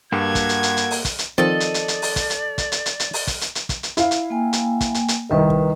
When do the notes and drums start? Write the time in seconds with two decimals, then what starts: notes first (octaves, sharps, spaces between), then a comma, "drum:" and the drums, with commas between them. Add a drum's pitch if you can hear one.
0.12 G2 A#3 F#4 G4 A4 F#5 G#6
0.35 drum: kick, hi-hat
0.49 drum: hi-hat
0.63 drum: hi-hat
0.77 drum: hi-hat
0.91 drum: open hi-hat
1.05 drum: kick, hi-hat
1.19 drum: hi-hat
1.38 D#3 F3 C4 A4 D5 D#5
1.60 drum: hi-hat
1.74 drum: hi-hat
1.88 drum: hi-hat
2.02 drum: open hi-hat
2.16 drum: kick, hi-hat
2.30 drum: hi-hat
2.58 drum: kick, hi-hat
2.72 drum: hi-hat
2.86 drum: hi-hat
3.00 drum: hi-hat
3.13 drum: open hi-hat
3.27 drum: kick, hi-hat
3.41 drum: hi-hat
3.55 drum: hi-hat
3.69 drum: kick, hi-hat
3.83 drum: hi-hat
3.97 E4 F5, drum: hi-hat
4.11 drum: hi-hat
4.30 A#3 G5 G#5
4.53 drum: hi-hat
4.81 drum: kick, hi-hat
4.94 drum: hi-hat
5.08 drum: hi-hat
5.29 C2 D#3 A#4 B4 D#5
5.50 drum: kick